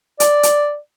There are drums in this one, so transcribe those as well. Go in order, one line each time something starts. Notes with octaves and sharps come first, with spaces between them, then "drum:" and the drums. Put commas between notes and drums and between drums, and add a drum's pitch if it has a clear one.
D5, drum: hi-hat
drum: hi-hat